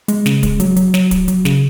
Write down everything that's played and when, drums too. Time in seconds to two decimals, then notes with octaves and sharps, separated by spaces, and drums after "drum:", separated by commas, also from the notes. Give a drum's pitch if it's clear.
0.08 G#3, drum: hi-hat
0.26 C#3, drum: snare
0.43 G#3, drum: kick, hi-hat
0.60 F#3, drum: hi-hat
0.77 F#3, drum: hi-hat
0.94 F#3, drum: snare
1.11 F#3, drum: kick, hi-hat
1.28 F#3, drum: hi-hat
1.45 C#3, drum: snare